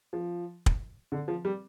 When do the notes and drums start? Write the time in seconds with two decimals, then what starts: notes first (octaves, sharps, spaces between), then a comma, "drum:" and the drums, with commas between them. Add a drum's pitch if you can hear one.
0.13 F3
0.66 drum: kick
1.12 D3
1.28 F3
1.45 G3